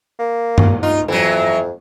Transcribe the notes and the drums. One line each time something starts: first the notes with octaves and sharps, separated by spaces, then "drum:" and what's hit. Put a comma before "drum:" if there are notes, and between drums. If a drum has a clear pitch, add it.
A#3
drum: tom G2
D#4 F4
F2 E3 F#3